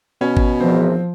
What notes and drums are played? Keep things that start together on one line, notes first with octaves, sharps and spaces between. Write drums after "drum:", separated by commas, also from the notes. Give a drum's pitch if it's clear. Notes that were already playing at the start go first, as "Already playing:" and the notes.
B2 C#4
drum: kick G#1
G#1 E2 F3 C4